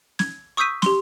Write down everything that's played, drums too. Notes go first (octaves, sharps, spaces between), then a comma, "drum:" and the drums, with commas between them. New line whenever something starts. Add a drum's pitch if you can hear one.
G#6, drum: snare
C#6 D#6 E6 G6 B6 D#7
G4 C6, drum: snare